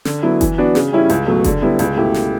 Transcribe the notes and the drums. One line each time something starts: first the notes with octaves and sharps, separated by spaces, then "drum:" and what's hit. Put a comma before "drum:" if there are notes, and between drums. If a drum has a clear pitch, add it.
D3, drum: snare
F#3 B3 E4
E3, drum: kick F#1, hi-hat
B3 D4 F#4
C#3, drum: snare
G3 C#4 E4
C#2, drum: hi-hat
B2 F#3 A3
D3, drum: kick F#1, hi-hat
G3 B3 E4
C#2, drum: hi-hat
B2 A3 E4 G4
drum: snare